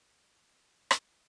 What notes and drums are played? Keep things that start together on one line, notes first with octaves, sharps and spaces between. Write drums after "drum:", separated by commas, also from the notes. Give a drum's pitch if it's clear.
A#4
G5
drum: rim click